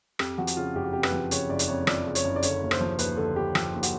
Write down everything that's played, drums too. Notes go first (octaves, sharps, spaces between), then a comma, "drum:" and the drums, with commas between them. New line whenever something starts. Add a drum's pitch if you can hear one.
F2 G4, drum: rim click
F3 F#4
drum: hi-hat
C#3 F4
F#1 G4
F#4
F2 G4
B4, drum: rim click
F3
C#3 C#5, drum: hi-hat
F#1 D5
drum: hi-hat
F2 C#5
F3 D5, drum: rim click
C#3
C#5, drum: hi-hat
F#1
D5
D3 C#5, drum: hi-hat
D#2
C5, drum: rim click
F3
D#2 B4, drum: hi-hat
D3 A4
D#2 G4
F3 G4, drum: rim click
D#2
F#4, drum: hi-hat